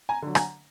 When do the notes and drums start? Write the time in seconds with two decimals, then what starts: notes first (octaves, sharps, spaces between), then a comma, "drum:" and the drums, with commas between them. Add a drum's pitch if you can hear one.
0.09 G#5 A#5
0.22 D3 F#3
0.35 G#5 A#5, drum: rim click